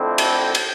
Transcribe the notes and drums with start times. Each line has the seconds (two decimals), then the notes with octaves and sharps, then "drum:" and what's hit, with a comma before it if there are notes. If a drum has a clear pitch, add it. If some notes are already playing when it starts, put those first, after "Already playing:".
Already playing: F2 D3 A3 C4 E4
0.18 drum: cymbal
0.55 drum: cymbal